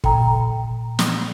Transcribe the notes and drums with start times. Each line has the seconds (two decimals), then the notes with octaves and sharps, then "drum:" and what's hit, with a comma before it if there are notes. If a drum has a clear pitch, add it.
0.04 A#2 G5 A#5, drum: kick
0.99 drum: snare